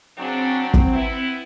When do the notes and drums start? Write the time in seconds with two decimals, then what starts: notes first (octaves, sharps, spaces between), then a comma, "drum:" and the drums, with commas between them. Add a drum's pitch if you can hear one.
0.17 C#3 F#3 C4 D4 G5
0.74 drum: kick
0.94 B3 E4